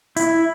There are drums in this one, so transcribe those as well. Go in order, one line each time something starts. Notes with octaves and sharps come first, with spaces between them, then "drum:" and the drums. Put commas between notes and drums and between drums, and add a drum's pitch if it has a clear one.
E4, drum: hi-hat